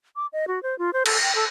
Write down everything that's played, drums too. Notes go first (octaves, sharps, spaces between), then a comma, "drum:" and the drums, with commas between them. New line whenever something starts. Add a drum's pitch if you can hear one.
D6
D#5
F#4
C5
F4
C5
A4, drum: cymbal
G5
A4